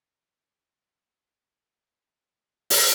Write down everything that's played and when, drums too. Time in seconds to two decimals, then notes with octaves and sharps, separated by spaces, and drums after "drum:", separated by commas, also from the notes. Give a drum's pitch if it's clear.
0.93 B5 D#6 E6
2.70 drum: open hi-hat